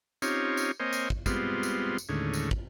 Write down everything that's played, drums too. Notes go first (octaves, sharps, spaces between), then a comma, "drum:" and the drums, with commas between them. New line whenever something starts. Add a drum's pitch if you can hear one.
C4 C#4 D#4 F4 G4 C#5, drum: tambourine
drum: tambourine
A#3 C4 C5 C#5 D#5 G#5
drum: tambourine
drum: kick
G3 G#3 B3 C4 F4, drum: kick, tambourine
drum: tambourine
drum: tambourine
D#2 A2 D3 G#3 C#4
drum: tambourine
drum: kick